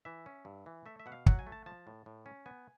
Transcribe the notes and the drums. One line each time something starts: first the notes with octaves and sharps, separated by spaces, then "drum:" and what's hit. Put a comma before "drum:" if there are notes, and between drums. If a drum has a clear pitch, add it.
E3 E5
C#4
G2
E3
A3 E5
E5
B2 F#5
F5
F#3 F#5, drum: kick
G#5
A3
A5
F3 A5
A2
A2
C#4
B3 G#5